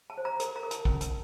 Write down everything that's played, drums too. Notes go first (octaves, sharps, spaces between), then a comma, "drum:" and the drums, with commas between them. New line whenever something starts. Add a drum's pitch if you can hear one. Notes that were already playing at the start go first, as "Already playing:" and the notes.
A5
C5
A#5
A#4, drum: hi-hat
A#5
A#4
A5, drum: hi-hat
C#4 A5, drum: kick
A5, drum: hi-hat